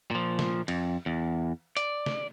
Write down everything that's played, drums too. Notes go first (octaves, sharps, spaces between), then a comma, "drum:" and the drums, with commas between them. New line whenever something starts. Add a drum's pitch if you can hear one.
A#2 F3
drum: snare
F2, drum: cymbal
E2
D5, drum: hi-hat
drum: snare